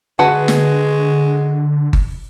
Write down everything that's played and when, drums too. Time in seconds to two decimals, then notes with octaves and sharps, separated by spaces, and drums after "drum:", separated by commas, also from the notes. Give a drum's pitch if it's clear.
0.19 D3 G#3 F#4 B4 F#5 A5
0.48 drum: snare
1.93 drum: kick G1